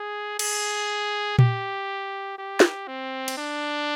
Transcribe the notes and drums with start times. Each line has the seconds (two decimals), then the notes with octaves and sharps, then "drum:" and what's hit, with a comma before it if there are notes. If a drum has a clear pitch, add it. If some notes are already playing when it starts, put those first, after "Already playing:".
Already playing: G#4
0.39 G#4, drum: cymbal
1.39 G4, drum: tom A#2
2.38 G4
2.60 drum: snare
2.87 C4
3.28 drum: cymbal
3.37 D4